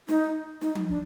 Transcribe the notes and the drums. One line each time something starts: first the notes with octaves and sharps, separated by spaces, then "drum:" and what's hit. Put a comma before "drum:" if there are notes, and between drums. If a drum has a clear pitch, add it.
D#4, drum: snare
D#4, drum: snare
drum: tom F3
D4, drum: kick